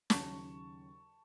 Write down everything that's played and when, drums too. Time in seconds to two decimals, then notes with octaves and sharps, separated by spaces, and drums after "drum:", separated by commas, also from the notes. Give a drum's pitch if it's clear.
0.10 D#2 C#3 F#3 A5 C#6, drum: snare